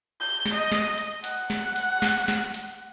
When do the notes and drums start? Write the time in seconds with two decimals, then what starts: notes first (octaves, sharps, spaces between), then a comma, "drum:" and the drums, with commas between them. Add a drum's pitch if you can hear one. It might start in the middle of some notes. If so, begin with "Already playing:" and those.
0.20 G6
0.46 drum: snare
0.55 D#5
0.72 drum: snare
0.98 drum: hi-hat
1.24 F#5, drum: hi-hat
1.50 drum: snare
1.76 drum: hi-hat
2.02 drum: snare
2.28 drum: snare
2.54 drum: hi-hat